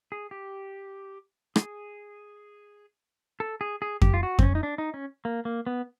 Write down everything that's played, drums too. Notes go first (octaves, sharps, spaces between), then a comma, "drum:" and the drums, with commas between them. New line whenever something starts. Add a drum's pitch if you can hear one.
G#4
G4
G#4, drum: rim click
A4
G#4
G#4
G4, drum: kick F2
F4
F#4
C4, drum: kick F2
C#4
D#4
D4
D#4
C#4
A#3
A#3
B3